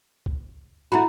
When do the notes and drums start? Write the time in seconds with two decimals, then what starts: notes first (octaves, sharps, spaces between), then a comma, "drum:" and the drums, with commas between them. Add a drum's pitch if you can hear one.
0.26 drum: kick C#2
0.92 A3 E4 F#4 A#5 B5